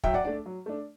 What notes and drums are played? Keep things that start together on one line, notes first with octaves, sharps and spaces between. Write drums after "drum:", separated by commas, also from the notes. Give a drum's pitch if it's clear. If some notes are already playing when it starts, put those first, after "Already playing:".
F#3 E5 G5, drum: kick
D5 F#5
A3 D4 D5
F#3
A3 D4